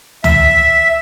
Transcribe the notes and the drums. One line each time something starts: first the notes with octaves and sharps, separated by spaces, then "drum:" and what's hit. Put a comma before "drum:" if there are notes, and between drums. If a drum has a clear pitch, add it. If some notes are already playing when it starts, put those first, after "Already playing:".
E5, drum: tom C#2